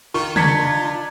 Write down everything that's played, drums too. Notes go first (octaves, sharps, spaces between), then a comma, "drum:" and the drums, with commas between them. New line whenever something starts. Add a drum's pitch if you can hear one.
D#3 F4 C#6
D4 D#4 G#6 B6 C#7, drum: tom